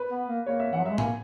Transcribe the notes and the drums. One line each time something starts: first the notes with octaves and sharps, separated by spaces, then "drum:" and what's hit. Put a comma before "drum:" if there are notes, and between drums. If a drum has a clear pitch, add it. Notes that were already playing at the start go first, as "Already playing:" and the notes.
Already playing: B4
B3
A#3
A#3 C#5
E5
E3 F#5
F#3
G#3 E5
A#3 G#5, drum: tom A2